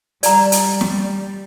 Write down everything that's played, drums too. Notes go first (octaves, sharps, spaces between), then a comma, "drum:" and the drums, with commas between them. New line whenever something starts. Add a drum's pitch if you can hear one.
G3 D5 A#5, drum: hi-hat
drum: hi-hat
drum: snare